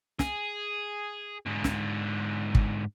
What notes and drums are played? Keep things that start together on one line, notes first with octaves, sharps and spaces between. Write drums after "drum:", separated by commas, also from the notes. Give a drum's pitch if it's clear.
G#4, drum: snare
G#2 D3
drum: snare
drum: kick